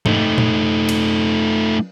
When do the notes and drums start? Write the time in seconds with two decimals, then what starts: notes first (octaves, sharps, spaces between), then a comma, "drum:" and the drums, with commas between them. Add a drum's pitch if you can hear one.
0.06 A3 D#4, drum: tom G#2
0.38 drum: tom A#2
0.89 drum: cymbal